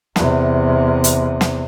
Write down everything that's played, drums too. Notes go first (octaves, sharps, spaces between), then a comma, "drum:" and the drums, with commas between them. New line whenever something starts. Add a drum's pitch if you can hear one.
E2 C3, drum: snare
drum: hi-hat
drum: snare